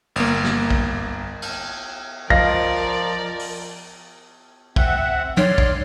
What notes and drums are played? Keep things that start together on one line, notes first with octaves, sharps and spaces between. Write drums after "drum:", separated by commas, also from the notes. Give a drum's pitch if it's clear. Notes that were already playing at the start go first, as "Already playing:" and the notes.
G1 A#3, drum: cymbal
drum: snare
drum: kick
drum: cymbal
F3 A#4 D5 D#5 F5 A#6, drum: kick
drum: open hi-hat
C4 E5 F#5, drum: kick
C#5 D5 C6 F6, drum: tom
drum: kick